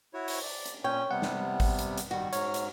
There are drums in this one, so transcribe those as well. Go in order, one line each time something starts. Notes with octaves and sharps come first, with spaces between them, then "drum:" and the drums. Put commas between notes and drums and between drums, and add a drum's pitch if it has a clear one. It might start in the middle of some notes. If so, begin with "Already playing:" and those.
E4 F#4 C#5
drum: open hi-hat
D5
drum: hi-hat
A#2 C#4 C#5 G5
C3 G3 B3 F#5
drum: snare
drum: kick G#1, open hi-hat
drum: hi-hat
drum: hi-hat
D#3 G3 F#4
G#2 C#5 F6, drum: hi-hat
drum: hi-hat